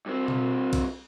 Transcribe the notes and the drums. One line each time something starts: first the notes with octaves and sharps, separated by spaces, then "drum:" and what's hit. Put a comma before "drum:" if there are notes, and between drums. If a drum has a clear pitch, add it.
G2 C4
drum: tom B2
drum: kick B1, cymbal